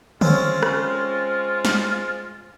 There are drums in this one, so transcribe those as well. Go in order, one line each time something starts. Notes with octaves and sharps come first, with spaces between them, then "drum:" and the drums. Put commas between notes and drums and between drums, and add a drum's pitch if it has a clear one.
G#3 C4 C#4 F4 C5, drum: tom D3
drum: rim click
drum: snare